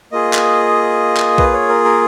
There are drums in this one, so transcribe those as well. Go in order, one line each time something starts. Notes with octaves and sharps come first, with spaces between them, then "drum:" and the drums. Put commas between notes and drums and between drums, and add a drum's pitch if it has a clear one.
A#3 F4 G#4 D#5
drum: clap
drum: clap
B4, drum: kick
C#5
A#4
A#4